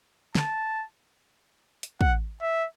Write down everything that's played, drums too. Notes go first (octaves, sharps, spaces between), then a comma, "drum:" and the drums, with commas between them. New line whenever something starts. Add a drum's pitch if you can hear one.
A5, drum: snare
drum: hi-hat
F#5, drum: kick
E5